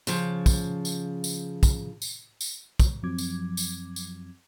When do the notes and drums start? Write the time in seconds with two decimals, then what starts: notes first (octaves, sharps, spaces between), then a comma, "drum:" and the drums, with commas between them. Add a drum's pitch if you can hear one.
0.07 C#3 F3, drum: tambourine
0.46 drum: kick, tambourine
0.85 drum: tambourine
1.24 drum: tambourine
1.63 drum: kick, tambourine
2.02 drum: tambourine
2.41 drum: tambourine
2.80 drum: kick, tambourine
3.03 F#2 F3 F#3 C4 D6 G#6
3.18 drum: tambourine
3.57 drum: tambourine
3.96 drum: tambourine